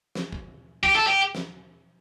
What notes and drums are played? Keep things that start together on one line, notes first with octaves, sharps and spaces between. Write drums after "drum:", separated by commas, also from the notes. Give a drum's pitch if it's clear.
drum: snare
drum: kick
G4, drum: kick
A4
G4
drum: snare